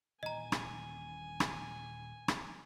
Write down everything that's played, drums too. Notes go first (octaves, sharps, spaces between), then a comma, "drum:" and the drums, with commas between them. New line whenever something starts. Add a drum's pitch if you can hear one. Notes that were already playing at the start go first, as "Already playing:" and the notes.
D#1 A#2 E3 D#5 G#5 A#5
drum: rim click
drum: rim click
drum: rim click